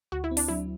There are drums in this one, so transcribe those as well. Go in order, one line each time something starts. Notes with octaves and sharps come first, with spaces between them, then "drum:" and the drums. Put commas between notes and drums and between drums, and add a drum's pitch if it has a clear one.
D2 F#4
E4
C4
D4, drum: open hi-hat
F#3 E4